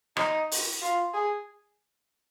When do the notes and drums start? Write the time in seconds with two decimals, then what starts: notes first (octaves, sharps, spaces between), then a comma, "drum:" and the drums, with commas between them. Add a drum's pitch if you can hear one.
0.17 D#4, drum: rim click
0.52 drum: open hi-hat
0.82 F4
1.14 G#4